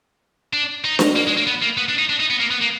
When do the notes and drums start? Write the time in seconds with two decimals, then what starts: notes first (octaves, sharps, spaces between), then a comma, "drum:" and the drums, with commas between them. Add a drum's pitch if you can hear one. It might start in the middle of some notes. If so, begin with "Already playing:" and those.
0.53 D4
0.84 D#4
0.99 drum: snare D4
1.15 A#3
1.27 G#3
1.37 A#3
1.47 B3
1.62 A#3
1.78 B3
1.89 D4
1.98 D#4
2.09 D4
2.20 D#4
2.30 B3
2.40 A#3
2.51 B3
2.61 A#3